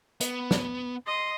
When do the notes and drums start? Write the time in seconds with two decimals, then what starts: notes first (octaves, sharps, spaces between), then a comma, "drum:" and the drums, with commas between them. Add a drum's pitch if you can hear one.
0.20 B3, drum: hi-hat
0.51 drum: snare
1.06 D#5 C6